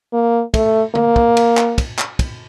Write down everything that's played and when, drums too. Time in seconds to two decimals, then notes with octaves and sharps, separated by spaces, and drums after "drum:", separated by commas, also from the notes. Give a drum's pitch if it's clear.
0.13 A#3
0.54 A3, drum: kick, cymbal
0.95 A#3, drum: tom
1.16 drum: kick
1.37 drum: cymbal
1.57 drum: clap
1.78 drum: kick, cymbal
1.99 drum: clap
2.19 drum: kick, cymbal